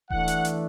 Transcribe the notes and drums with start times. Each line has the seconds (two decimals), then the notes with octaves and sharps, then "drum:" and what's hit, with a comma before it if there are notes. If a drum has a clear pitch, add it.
0.10 E3 A3 D4 F#5, drum: kick D#1
0.28 drum: hi-hat
0.45 drum: hi-hat